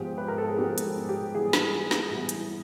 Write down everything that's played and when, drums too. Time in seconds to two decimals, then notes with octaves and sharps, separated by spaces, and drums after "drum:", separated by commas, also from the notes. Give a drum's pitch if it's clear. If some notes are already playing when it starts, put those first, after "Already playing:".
Already playing: G#2 F3 G#3 B3 G4
0.18 B4
0.28 A#4
0.38 A4
0.48 G#4
0.58 G#2 F3 G#3 B3 G4
0.78 drum: hi-hat
1.09 G4
1.34 A2 E3 G3 B3 G#4
1.53 drum: snare
1.91 drum: snare
2.11 A2 E3 G3 B3
2.29 drum: hi-hat